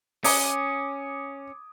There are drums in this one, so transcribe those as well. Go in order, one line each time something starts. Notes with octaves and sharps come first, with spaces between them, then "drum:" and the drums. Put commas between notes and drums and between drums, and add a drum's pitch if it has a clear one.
C#4 D6 D#6 G#6, drum: open hi-hat